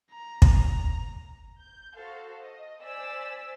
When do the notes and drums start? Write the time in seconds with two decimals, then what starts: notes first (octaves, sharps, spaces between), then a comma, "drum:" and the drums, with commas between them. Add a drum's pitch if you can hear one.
0.12 A#5
0.42 drum: kick
1.58 G6
1.96 F#4 A4 C5 F5
2.40 D#5
2.82 C5 D5 G#5 E6 B6